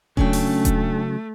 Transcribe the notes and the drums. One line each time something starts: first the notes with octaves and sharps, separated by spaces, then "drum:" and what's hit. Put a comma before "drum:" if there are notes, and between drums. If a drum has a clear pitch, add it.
C#3 F#3 A3 C#4 D4 G5, drum: kick D#1
drum: open hi-hat
drum: kick D#1, hi-hat